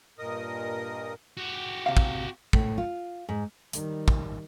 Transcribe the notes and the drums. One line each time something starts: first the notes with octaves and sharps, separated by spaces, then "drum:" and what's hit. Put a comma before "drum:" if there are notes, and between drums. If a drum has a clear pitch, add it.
G2 A#2 A#4 D#5 D#6
F#4 G4
C3 F5
drum: kick
A2, drum: kick
F4
G#2
D#3 G3, drum: hi-hat
drum: kick